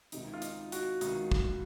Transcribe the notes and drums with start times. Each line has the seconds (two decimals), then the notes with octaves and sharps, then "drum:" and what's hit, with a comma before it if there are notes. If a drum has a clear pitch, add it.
0.12 C#2 C3 D#3 D#4, drum: hi-hat
0.33 F4
0.42 D#4, drum: hi-hat
0.72 F#4, drum: hi-hat
1.01 C#2 C3 D#3 D#4, drum: hi-hat
1.32 drum: kick